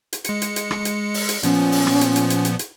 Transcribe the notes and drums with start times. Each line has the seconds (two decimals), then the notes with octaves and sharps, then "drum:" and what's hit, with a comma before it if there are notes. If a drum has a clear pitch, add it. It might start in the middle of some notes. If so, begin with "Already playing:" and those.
0.13 drum: hi-hat
0.24 G#3 C#7, drum: hi-hat
0.42 drum: hi-hat
0.56 drum: hi-hat
0.71 drum: rim click
0.85 drum: hi-hat
1.14 drum: open hi-hat
1.29 drum: hi-hat
1.43 A#2 F3 B3 C#4, drum: hi-hat
1.72 drum: open hi-hat
1.87 drum: rim click
2.01 drum: hi-hat
2.16 drum: hi-hat
2.30 drum: hi-hat
2.45 drum: hi-hat
2.59 drum: hi-hat